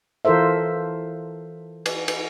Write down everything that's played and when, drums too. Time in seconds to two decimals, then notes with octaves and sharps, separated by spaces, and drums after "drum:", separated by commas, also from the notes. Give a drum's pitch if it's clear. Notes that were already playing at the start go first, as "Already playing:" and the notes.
0.25 E3 F4 A4 A#4 C5 E5
1.86 drum: cymbal
2.08 drum: cymbal